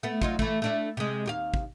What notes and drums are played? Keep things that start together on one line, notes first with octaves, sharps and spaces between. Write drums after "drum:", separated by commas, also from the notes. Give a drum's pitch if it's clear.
A3 B3
F#3 D#4 F4, drum: kick
E3 A3, drum: kick
A3 D4 E4
C3 G#3
D#2 G4 F5
drum: kick